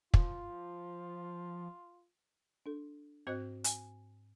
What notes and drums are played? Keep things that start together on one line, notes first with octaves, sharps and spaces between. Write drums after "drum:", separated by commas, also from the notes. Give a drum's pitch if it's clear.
F3 F4, drum: kick
D4 A4
G#2 C4 F#4 C5 D#5 F#6
G#5, drum: hi-hat